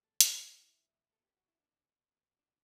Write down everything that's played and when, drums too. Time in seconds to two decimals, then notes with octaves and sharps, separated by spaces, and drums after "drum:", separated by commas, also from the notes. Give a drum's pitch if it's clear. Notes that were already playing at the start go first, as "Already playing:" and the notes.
0.04 A4
0.21 drum: hi-hat
0.43 G4
0.62 E4
1.13 A4
1.24 G4
1.37 F#4
1.48 E4
1.60 D4
2.39 D4